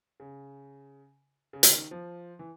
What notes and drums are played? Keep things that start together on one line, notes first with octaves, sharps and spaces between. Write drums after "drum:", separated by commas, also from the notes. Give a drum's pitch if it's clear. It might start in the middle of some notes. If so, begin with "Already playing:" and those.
C#3
C#3
drum: hi-hat
D#3
F3
E3